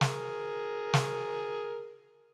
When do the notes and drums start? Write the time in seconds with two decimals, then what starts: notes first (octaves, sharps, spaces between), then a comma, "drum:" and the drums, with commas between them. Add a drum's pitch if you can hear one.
0.01 G#4 A#4, drum: snare
0.94 drum: snare